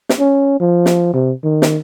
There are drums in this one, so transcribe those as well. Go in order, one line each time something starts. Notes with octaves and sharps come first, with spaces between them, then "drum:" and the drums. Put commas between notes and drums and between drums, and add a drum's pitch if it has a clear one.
drum: snare
C#4
F3
drum: snare
C3
D#3
drum: snare